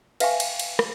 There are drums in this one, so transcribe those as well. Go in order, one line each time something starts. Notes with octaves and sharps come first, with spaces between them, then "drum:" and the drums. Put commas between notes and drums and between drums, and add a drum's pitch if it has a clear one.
B4 E5 F5 G5 G#5 C#6, drum: cymbal
drum: cymbal
drum: cymbal
drum: rim click